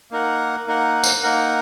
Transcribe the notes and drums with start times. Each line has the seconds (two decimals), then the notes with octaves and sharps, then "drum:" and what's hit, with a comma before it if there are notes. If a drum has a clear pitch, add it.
0.11 A#3 D#4 A#4 F#5
0.67 A#3 D#4 A#4 F#5
1.04 drum: tambourine
1.23 A#3 D#4 A#4 F#5